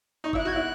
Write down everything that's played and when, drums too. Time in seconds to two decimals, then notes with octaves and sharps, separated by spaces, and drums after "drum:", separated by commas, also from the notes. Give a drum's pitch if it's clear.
0.24 D#4 C#6
0.33 E4 E6, drum: kick G1
0.38 F#6
0.45 F#4 G#6
0.52 E4 F#6